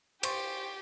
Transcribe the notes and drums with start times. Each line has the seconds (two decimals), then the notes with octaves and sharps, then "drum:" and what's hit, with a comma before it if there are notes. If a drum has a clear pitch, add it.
0.23 G4 C5 C6 C#6 A6, drum: cymbal